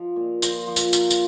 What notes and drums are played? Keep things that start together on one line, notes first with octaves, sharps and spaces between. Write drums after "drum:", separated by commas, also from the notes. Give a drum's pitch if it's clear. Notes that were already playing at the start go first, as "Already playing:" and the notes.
Already playing: F3
A#2
F3 C5, drum: tambourine
F3
drum: tambourine
F3 A#4, drum: tambourine
drum: tambourine